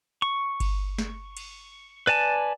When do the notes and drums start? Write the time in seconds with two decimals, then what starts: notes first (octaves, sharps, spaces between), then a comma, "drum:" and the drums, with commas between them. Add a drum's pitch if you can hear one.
0.22 C#6
0.60 drum: kick G1, cymbal
0.98 drum: snare
1.37 drum: cymbal
2.07 B4 D5 G#5 A5